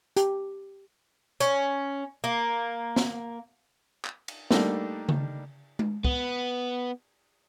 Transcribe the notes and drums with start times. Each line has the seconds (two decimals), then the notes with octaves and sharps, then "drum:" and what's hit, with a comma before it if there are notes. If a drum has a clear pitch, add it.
0.17 G4, drum: hi-hat
1.40 C#4, drum: hi-hat
2.24 A#3
2.96 drum: snare
4.05 drum: clap
4.28 drum: cymbal
4.51 G3 A3 A#3 D4 D#4, drum: snare
5.09 drum: tom C#3
5.79 drum: tom G#3
6.04 B3, drum: kick